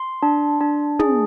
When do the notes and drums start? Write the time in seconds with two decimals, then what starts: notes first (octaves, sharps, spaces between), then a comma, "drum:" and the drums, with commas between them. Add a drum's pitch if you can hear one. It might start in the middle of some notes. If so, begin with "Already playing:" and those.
Already playing: C6
0.23 D4
0.61 D4
0.99 G#4, drum: tom